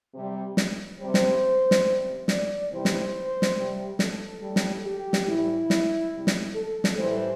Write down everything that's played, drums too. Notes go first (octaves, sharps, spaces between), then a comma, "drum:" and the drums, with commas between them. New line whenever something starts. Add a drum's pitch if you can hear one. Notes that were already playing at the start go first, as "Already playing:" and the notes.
C3 G3
drum: snare
C3 G3 C5
drum: snare
drum: snare
C3 G3
D5, drum: snare
C3 E3 G3 C5
drum: snare
drum: snare
C3 G3
A4, drum: snare
A2 G3
drum: snare
G4
drum: snare
A2 E3 G3 E4
drum: snare
C3 G3
drum: snare
A4
drum: snare
A2 E3 G3 C5